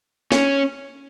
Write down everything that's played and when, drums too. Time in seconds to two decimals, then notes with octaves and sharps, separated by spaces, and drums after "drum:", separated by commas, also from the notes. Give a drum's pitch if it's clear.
0.32 C#4, drum: snare